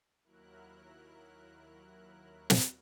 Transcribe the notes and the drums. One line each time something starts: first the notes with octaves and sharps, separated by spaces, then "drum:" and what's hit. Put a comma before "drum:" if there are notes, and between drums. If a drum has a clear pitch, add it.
D#2 F#3 E4 A#4 F#6
drum: snare